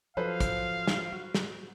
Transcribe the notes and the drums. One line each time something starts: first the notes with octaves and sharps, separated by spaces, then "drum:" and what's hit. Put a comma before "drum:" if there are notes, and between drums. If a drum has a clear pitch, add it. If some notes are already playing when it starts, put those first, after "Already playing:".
F3 F#3 A4 B4 C5 F5
drum: kick, hi-hat
drum: snare
F#4
drum: snare